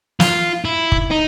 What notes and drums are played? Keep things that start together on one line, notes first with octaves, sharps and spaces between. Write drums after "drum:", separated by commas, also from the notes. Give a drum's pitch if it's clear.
F4, drum: snare
E4
drum: kick
D#4